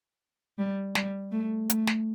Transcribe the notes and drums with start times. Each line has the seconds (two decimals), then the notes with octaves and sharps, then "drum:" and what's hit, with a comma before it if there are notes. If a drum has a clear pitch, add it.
0.59 G3
0.95 G3, drum: snare
1.32 A3
1.70 A3, drum: hi-hat
1.87 drum: snare